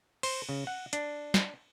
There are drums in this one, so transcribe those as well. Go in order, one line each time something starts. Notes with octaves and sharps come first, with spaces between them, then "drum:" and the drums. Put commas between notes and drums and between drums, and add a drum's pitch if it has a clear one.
C5, drum: cymbal
C#3
F#5
D4, drum: hi-hat
drum: snare